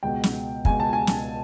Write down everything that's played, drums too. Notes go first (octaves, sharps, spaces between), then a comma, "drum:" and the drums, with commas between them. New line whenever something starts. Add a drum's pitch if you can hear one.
C#2 B2 G5
drum: snare
C#2 B2 G#5, drum: kick
A5
G#5
drum: snare